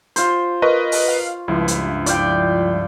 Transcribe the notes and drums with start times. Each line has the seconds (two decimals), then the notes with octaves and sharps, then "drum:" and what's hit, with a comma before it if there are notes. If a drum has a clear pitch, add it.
0.16 F4 C5, drum: hi-hat
0.62 A#4 B4 D#5 C#6
0.92 drum: open hi-hat
1.08 F5
1.48 C#2 G2 F3 E4
1.68 drum: hi-hat
2.06 D5 F5 G5, drum: hi-hat